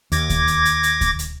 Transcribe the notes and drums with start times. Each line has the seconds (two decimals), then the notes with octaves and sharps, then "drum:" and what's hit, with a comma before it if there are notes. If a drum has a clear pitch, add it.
0.12 D#2 D6 G#6 A#6, drum: hi-hat
0.29 drum: kick D2, hi-hat
0.47 drum: hi-hat
0.65 drum: hi-hat
0.83 drum: hi-hat
1.01 drum: kick D2, hi-hat
1.19 drum: hi-hat